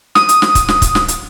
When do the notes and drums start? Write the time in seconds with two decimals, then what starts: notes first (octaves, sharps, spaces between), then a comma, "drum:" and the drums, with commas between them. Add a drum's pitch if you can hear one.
0.15 D#6, drum: snare
0.29 drum: hi-hat
0.42 drum: snare
0.55 drum: kick, hi-hat
0.69 drum: snare
0.82 drum: kick, hi-hat
0.95 drum: snare
1.08 drum: hi-hat